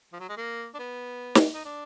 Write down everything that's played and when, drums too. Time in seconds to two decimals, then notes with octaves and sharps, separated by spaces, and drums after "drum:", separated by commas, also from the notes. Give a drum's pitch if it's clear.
0.13 F3
0.20 F#3
0.29 G#3
0.37 A#3
0.74 D4
0.79 B3
1.35 drum: snare
1.54 D#4
1.65 D4